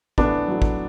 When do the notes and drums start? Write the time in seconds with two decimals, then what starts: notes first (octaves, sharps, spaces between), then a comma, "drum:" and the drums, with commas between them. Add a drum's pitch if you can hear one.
0.18 A2 E3 B3 D4, drum: kick
0.48 A2 F#3
0.62 drum: kick